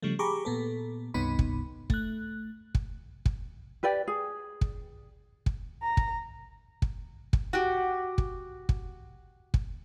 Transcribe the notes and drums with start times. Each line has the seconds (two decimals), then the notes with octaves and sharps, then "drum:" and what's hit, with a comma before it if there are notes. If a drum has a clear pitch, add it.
0.02 C#3 F3 G3 A3
0.19 G4 G#4 A#5 B5 C#6 D6
0.45 A#2 B3 A4
1.14 C#2 G2 C3 B3 D#4 B5
1.39 drum: kick
1.90 A3 F#6, drum: kick
2.75 drum: kick
3.26 drum: kick
3.83 G4 B4 D5 G5
4.07 G#4
4.61 drum: kick
5.46 drum: kick
5.83 A#5
5.97 drum: kick
6.82 drum: kick
7.33 drum: kick
7.53 F#4 G4
8.18 drum: kick
8.69 drum: kick
9.54 drum: kick